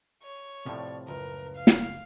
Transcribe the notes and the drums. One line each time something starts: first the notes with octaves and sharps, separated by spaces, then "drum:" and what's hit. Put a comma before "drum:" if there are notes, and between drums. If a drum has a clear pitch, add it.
C#5
A2 C3 F3 D5
C#2 F#2 A#4 B4
F5
drum: snare